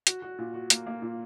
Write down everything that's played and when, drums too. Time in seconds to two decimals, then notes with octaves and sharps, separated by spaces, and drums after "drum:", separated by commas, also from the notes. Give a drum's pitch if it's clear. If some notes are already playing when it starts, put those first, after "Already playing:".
0.07 F#4, drum: hi-hat
0.22 F#4
0.38 A#2
0.54 F#4
0.70 A#3, drum: hi-hat
0.86 A#3
1.02 A#2